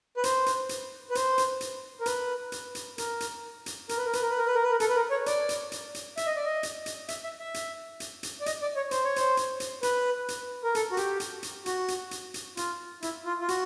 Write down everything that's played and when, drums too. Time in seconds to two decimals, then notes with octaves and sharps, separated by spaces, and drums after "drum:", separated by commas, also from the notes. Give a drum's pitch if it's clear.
0.17 B4
0.24 C5, drum: hi-hat
0.46 drum: hi-hat
0.69 drum: hi-hat
1.10 B4
1.15 C5, drum: hi-hat
1.38 drum: hi-hat
1.61 drum: hi-hat
2.01 A#4
2.06 B4, drum: hi-hat
2.52 drum: hi-hat
2.75 drum: hi-hat
2.98 A#4, drum: hi-hat
3.20 drum: hi-hat
3.66 drum: hi-hat
3.89 A#4, drum: hi-hat
3.97 B4
4.06 A#4
4.13 B4, drum: hi-hat
4.22 A#4
4.30 B4
4.38 A#4
4.47 B4
4.55 A#4
4.63 B4
4.71 A#4
4.80 A4, drum: hi-hat
4.89 B4
4.96 A#4
5.10 C#5
5.26 D5, drum: hi-hat
5.49 drum: hi-hat
5.72 drum: hi-hat
5.94 drum: hi-hat
6.17 E5, drum: hi-hat
6.26 D#5
6.36 D5
6.45 D#5
6.63 drum: hi-hat
6.86 drum: hi-hat
7.08 E5, drum: hi-hat
7.24 E5
7.39 E5
7.54 drum: hi-hat
8.00 drum: hi-hat
8.23 drum: hi-hat
8.41 D5
8.46 D#5, drum: hi-hat
8.62 D5
8.76 C#5
8.91 C5, drum: hi-hat
9.04 C#5
9.16 C5, drum: hi-hat
9.37 drum: hi-hat
9.60 drum: hi-hat
9.83 B4, drum: hi-hat
10.28 drum: hi-hat
10.64 A#4
10.75 A4, drum: hi-hat
10.92 F#4
10.97 G4, drum: hi-hat
11.20 drum: hi-hat
11.43 drum: hi-hat
11.66 F#4, drum: hi-hat
11.88 drum: hi-hat
12.11 drum: hi-hat
12.34 drum: hi-hat
12.57 F4, drum: hi-hat
13.02 E4, drum: hi-hat
13.26 F4
13.41 F4
13.48 F#4, drum: hi-hat